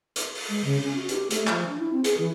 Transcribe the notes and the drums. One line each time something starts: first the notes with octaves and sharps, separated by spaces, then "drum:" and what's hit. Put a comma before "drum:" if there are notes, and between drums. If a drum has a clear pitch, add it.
drum: hi-hat
drum: open hi-hat
G#3
C#3
C#4
F#4
G4, drum: hi-hat
A3, drum: hi-hat
F3, drum: clap
D4
E4
C4
G#4, drum: hi-hat
E3